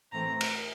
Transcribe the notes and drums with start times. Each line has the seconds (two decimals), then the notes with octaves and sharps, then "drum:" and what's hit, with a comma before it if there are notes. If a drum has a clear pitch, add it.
0.12 A2 E3 A3 C4 A#5
0.41 drum: cymbal